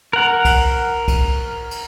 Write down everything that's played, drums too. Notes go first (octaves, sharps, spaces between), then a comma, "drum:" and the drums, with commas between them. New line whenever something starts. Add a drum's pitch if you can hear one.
A#4 F#5
drum: kick, cymbal
drum: kick, cymbal
drum: cymbal